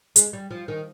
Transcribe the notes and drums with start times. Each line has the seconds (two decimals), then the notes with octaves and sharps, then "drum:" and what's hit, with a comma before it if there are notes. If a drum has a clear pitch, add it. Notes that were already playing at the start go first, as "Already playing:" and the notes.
0.16 G#3, drum: hi-hat
0.33 G3
0.51 F3
0.68 D#3